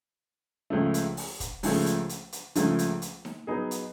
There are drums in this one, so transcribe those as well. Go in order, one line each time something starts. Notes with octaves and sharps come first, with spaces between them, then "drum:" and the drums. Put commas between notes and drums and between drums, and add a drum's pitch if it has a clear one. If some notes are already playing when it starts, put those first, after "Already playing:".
C#2 C#3 F3 A3
drum: hi-hat
drum: open hi-hat
drum: kick, hi-hat
C#2 C#3 F3 A3, drum: open hi-hat
drum: hi-hat
drum: hi-hat
drum: hi-hat
C#2 C#3 F3 A3, drum: hi-hat
drum: hi-hat
drum: hi-hat
drum: snare D#4
F#3 B3 D#4 G#4
drum: hi-hat